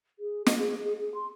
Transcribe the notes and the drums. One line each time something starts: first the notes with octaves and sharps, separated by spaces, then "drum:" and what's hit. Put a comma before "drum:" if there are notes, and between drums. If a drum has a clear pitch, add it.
G#4
D#5, drum: snare
G#4
G#4
G#4
C6